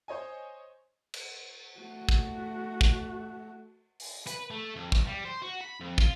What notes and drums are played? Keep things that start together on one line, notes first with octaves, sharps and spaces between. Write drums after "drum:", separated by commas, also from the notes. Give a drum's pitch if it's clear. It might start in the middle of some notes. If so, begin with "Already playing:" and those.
C5 C#5 D#5 G#5
drum: cymbal
A3 F#4
drum: kick
drum: kick
drum: open hi-hat
B4, drum: hi-hat
A3
F2
B1, drum: kick
G3
C5
F#4
B5
F2
F4, drum: kick